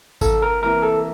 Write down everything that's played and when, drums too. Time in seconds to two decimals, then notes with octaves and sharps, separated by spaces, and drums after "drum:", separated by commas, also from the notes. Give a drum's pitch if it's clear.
0.21 C2 A4, drum: kick G#1, tambourine
0.42 A#4
0.62 C3 E3 A#3 E4 A#4
0.82 A4